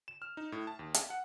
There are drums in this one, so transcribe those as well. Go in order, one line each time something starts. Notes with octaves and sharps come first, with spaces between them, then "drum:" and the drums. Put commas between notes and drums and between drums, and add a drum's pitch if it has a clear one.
E7
F6
D#4
A2
A5
D#2
A5, drum: hi-hat
F#5